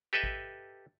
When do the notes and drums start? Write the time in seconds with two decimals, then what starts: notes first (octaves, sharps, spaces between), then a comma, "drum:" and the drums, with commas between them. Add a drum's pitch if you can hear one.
0.13 G4 A4 B4 D#5 E5
0.24 drum: kick G#1